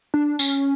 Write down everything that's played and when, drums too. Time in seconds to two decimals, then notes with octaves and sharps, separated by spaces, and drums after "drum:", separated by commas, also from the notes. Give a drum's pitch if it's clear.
0.14 D4
0.39 C#4, drum: tambourine